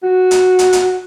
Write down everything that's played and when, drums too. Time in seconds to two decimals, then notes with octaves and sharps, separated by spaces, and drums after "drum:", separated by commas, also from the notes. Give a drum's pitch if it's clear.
0.03 F#4
0.31 drum: hi-hat
0.59 drum: hi-hat
0.73 drum: hi-hat